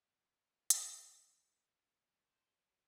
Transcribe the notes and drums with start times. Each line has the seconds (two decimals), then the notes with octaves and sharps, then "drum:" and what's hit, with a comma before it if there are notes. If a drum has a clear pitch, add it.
0.70 drum: hi-hat
2.10 G3
2.25 C5
2.58 F#3